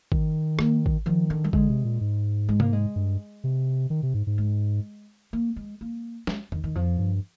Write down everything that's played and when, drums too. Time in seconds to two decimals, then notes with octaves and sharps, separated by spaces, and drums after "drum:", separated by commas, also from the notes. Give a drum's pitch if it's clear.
0.12 D#3, drum: kick G#1
0.59 A#3, drum: rim click
0.86 drum: kick G#1
1.06 D#3 F3
1.30 D3
1.44 G3
1.53 D3 G#3, drum: kick G#1
1.69 C3
1.84 A#2
2.01 G#2
2.49 G#3
2.60 A#3, drum: tom C3
2.73 G#3
2.96 G2
3.44 C3
3.90 D#3
4.03 C3
4.14 G#2
4.27 G#2
4.38 G#3
5.33 A#3
5.56 G#3
5.81 A#3
6.27 G#3, drum: snare
6.52 D#3, drum: tom E2
6.64 D#3
6.75 F2 F3
6.99 G2